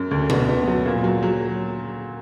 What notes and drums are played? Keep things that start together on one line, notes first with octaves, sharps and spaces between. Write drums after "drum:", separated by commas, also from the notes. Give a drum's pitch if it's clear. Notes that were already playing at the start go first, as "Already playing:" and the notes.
Already playing: F#2
D2
B3, drum: tom B2
B3
F#3
A#2
F#3
F#3